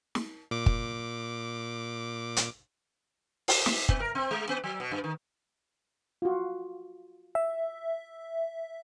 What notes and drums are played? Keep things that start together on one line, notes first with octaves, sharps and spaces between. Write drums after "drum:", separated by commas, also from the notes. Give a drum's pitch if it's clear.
drum: snare
A#2 D6
drum: kick
drum: hi-hat
drum: open hi-hat
E5, drum: snare
B3, drum: kick
A#4
C4
G#3
B3
F#3
B2
G2
D#3
F4 F#4
E5